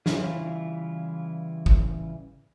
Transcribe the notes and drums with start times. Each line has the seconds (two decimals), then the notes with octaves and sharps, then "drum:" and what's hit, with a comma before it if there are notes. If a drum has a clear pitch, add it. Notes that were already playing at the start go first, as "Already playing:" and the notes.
0.06 C#3 E3 G3 E4 F4, drum: snare
1.66 drum: kick